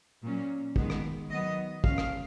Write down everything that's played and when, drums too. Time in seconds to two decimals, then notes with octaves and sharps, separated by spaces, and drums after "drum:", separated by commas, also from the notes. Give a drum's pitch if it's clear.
0.22 A#2 F#3 C#4
0.76 D#3 G#3 B3, drum: kick
0.90 drum: rim click
1.30 D#3 F#3 B3 D#5
1.84 C#3 G#3 C#4 F5, drum: kick
1.98 drum: rim click